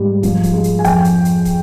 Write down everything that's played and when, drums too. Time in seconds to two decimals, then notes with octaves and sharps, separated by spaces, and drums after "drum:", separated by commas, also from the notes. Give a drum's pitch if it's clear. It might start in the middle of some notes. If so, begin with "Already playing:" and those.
Already playing: G#2 G3
0.23 F3, drum: kick, hi-hat
0.43 drum: kick, hi-hat
0.54 G#3
0.64 drum: hi-hat
0.79 G#5
0.84 F2 G5, drum: kick, hi-hat
1.04 drum: hi-hat
1.25 drum: hi-hat
1.45 drum: kick, hi-hat